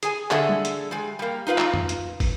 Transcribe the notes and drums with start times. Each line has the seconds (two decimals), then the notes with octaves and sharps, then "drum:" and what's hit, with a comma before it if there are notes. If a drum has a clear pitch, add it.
0.03 G#4 G#5, drum: hi-hat
0.31 D3 G#4 A4 E5 F#5, drum: clap
0.49 drum: tom
0.65 drum: hi-hat
0.91 G3 G#3
1.19 G3 A#3
1.47 D#4 F4 B4 F5
1.58 drum: clap
1.74 drum: tom F2
1.89 drum: hi-hat
2.20 drum: kick, open hi-hat